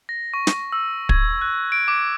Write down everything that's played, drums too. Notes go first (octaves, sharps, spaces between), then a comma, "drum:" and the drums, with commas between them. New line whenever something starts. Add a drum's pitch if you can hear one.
A#6
C#6
drum: snare
E6
G#6, drum: kick
F#6
D7
D6